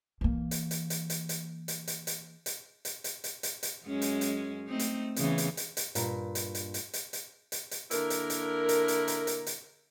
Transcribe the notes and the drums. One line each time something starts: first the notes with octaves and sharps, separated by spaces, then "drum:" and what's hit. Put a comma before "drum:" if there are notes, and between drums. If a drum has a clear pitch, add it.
E3 A#3
drum: hi-hat
drum: hi-hat
drum: hi-hat
drum: hi-hat
drum: hi-hat
drum: hi-hat
drum: hi-hat
drum: hi-hat
drum: hi-hat
drum: hi-hat
drum: hi-hat
drum: hi-hat
drum: hi-hat
drum: hi-hat
F#2 G#3 C#4
drum: hi-hat
drum: hi-hat
A3 C4 D#4
drum: hi-hat
E2 C#3 E3, drum: hi-hat
drum: hi-hat
drum: hi-hat
drum: hi-hat
G2 A#2, drum: hi-hat
drum: hi-hat
drum: hi-hat
drum: hi-hat
drum: hi-hat
drum: hi-hat
drum: hi-hat
drum: hi-hat
D3 A#3 E4 A#4, drum: hi-hat
drum: hi-hat
drum: hi-hat
drum: hi-hat
drum: hi-hat
drum: hi-hat
drum: hi-hat
drum: hi-hat